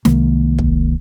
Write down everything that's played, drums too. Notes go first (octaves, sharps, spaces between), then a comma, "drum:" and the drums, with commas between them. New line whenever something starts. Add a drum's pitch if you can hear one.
C2 D#3 G#3 A#3, drum: snare
drum: kick